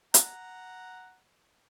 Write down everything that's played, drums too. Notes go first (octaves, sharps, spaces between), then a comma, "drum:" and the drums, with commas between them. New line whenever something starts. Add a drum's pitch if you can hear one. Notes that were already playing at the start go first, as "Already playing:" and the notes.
F#5 A#5, drum: hi-hat